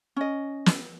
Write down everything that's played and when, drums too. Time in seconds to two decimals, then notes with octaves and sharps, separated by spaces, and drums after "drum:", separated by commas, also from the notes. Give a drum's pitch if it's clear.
0.16 C#4 D#5
0.66 drum: snare